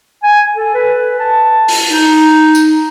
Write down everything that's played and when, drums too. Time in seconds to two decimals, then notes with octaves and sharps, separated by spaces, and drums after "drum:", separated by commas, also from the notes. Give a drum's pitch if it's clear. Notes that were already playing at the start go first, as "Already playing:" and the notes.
0.23 G#5
0.55 A4
0.75 B4
1.20 A5
1.68 drum: open hi-hat
1.91 D#4
2.55 drum: tambourine